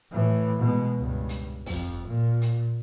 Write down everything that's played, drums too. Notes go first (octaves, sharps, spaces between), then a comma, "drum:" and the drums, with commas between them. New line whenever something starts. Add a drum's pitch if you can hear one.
A2 E3
B2 G#3
C#2 G2
drum: hi-hat
F2, drum: kick, open hi-hat
A#2
drum: hi-hat